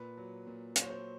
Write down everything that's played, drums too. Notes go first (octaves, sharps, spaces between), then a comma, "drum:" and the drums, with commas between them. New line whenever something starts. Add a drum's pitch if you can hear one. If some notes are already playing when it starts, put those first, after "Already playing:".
Already playing: A#2 B4
F#3
A#2
F#3 C5, drum: hi-hat
C#5
C5